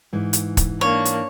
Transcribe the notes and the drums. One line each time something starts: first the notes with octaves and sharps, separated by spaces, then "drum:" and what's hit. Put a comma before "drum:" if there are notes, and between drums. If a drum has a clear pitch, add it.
G#2 E3
drum: hi-hat
drum: kick, hi-hat
A#3 D4 C#5
drum: hi-hat